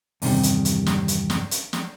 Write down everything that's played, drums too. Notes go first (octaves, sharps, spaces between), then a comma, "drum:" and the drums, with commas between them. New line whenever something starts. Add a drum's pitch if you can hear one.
E2 G2 C3 D#3, drum: open hi-hat
drum: hi-hat
drum: hi-hat
drum: snare
drum: hi-hat
drum: snare
drum: hi-hat
drum: snare